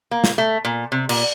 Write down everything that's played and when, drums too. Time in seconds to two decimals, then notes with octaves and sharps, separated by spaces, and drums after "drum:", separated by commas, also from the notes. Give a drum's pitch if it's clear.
0.11 A#3
0.24 drum: snare
0.38 A3
0.65 A#2
0.92 C3
1.09 A#2, drum: cymbal